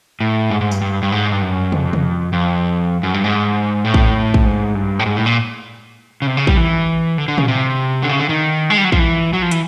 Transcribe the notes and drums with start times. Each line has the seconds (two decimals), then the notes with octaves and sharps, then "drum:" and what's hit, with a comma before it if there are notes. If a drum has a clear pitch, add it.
0.20 A2
0.51 G#2
0.61 G#2
0.71 G2, drum: tambourine
0.81 G2
1.03 G2
1.12 G#2
1.32 G2
1.42 F#2
1.72 F2, drum: tom
1.93 drum: tom
2.33 F2
3.03 F#2
3.14 G2
3.24 G#2
3.85 A2
3.94 drum: kick
4.34 drum: kick
4.45 G#2
4.75 G2
4.99 A2
5.06 G#2
5.16 A2
5.26 A#2
6.22 C#3
6.27 C3
6.37 C#3
6.47 G3, drum: kick
6.57 E3
7.18 D3
7.28 D3
7.38 C#3, drum: tom
7.48 C3
8.02 D3
8.09 C#3
8.19 D3
8.29 D#3
8.70 G#3
8.78 G3
8.84 F#3
8.92 F3, drum: kick
8.99 E3
9.33 F#3
9.42 F3
9.51 E3, drum: hi-hat